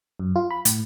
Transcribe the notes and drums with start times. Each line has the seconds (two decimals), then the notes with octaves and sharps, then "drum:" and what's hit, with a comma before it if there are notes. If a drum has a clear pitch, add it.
0.20 F#2
0.36 F4
0.51 B5
0.65 A2, drum: hi-hat